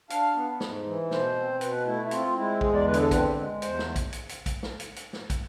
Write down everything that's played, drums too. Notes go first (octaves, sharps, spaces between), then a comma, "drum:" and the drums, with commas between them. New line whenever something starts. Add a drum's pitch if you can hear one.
D4 F5, drum: hi-hat
B3
G#2, drum: snare
E3
B2 C5, drum: snare
C4
B2 B4, drum: hi-hat
A3 E4
E4
C4 F4, drum: hi-hat
G#3 E4
E2 G#4, drum: kick
D5
D3 B4
G#4, drum: hi-hat
A4
C4 B4, drum: kick, hi-hat
G#3
E2 C5, drum: hi-hat
drum: snare
drum: kick, hi-hat
drum: hi-hat
drum: hi-hat
drum: kick, hi-hat
drum: snare
drum: hi-hat
drum: hi-hat
drum: snare
drum: kick, hi-hat